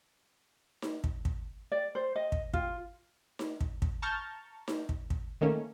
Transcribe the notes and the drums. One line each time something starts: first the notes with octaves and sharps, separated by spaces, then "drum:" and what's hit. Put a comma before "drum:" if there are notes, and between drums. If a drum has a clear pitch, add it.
drum: snare D#4
drum: kick
drum: kick
D5
C5
D#5
drum: kick
F4, drum: kick
drum: snare D#4
drum: kick
drum: kick
A5 A#5 C#6 F6 G6 A6
drum: snare D#4
drum: kick
drum: kick
D#3 A3 A#3 C#4